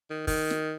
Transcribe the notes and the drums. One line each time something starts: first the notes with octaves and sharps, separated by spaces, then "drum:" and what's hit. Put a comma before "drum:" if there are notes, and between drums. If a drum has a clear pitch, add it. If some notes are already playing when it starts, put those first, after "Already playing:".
D#3
D#3, drum: kick, open hi-hat
drum: snare